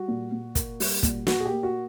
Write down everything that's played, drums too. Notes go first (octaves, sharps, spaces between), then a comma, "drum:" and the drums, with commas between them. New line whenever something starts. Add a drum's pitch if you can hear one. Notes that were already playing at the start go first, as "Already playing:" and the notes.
Already playing: G3 F#4
A#2
A#2
A#3, drum: kick, hi-hat
G3, drum: open hi-hat
A#2, drum: kick, hi-hat
A#2 F#4, drum: snare
G#4
A#3 G4
F#4